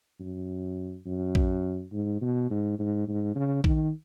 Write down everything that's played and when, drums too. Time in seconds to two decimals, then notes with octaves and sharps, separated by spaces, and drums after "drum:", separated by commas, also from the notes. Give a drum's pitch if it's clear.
0.20 F#2
1.06 F#2
1.35 drum: kick A#1
1.92 G#2
2.21 B2
2.50 G#2
2.79 G#2
3.08 G#2
3.35 C#3
3.64 D#3, drum: kick A#1